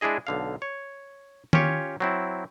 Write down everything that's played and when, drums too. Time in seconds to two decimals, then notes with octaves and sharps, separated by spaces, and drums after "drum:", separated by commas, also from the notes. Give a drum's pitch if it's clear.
0.01 G#3 D4 E4 G#4 D#5
0.27 B1 D3 F5
0.62 C#5
1.53 C#4 F4 G4 C#5, drum: tom D#3
2.00 F#3 C4 E4